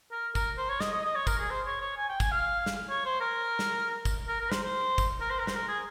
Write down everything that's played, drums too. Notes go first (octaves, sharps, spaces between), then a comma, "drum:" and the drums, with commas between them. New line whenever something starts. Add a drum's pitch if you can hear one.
A#4
A#4, drum: kick, tambourine
C5
C#5
D#5, drum: snare
D#5
D#5
C#5
A#4, drum: kick, tambourine
G#4
C5
C#5
C#5
G#5
G5
G#5, drum: kick, tambourine
F5
drum: snare
C#5
C5
A#4
drum: snare
drum: kick, tambourine
A#4
A#4
C5, drum: snare
C5
drum: kick, tambourine
A#4
C5
A#4
C5, drum: snare
A#4
G#4